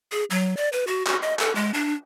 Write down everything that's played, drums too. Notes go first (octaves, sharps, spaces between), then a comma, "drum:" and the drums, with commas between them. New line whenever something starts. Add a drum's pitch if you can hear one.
G#4
F#3
D5
B4
F#4
F#4, drum: clap
D#5
A4, drum: clap
G#3
D4